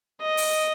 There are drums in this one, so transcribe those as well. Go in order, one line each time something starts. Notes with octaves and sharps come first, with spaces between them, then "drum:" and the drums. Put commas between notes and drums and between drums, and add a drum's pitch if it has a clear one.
D#5
drum: open hi-hat